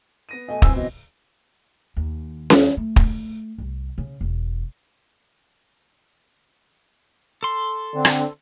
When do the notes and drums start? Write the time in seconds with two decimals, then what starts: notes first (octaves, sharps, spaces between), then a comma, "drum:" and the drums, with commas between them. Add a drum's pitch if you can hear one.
0.29 B3 A#6 D#7
0.48 B2 A3 D#5 G#5
0.62 C2 E3 C4 E6, drum: kick
0.76 B2 D#5
1.97 D#2
2.50 drum: snare C#4
2.77 A3
2.96 drum: kick
3.58 C2
3.98 C#3
4.21 E1
7.43 A4 C6
7.93 D3 C4
8.05 drum: rim click